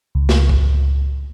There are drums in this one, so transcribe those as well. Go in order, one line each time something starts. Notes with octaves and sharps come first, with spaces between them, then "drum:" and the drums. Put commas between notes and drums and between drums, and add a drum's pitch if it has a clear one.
C#2
drum: snare
drum: kick A#1